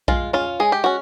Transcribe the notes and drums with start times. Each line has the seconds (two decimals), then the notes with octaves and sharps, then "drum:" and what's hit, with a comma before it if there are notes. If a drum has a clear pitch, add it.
0.08 G#3 F4, drum: kick A#1
0.33 C#4 F4
0.60 G#3 G#4
0.72 G4
0.84 C#4 F#4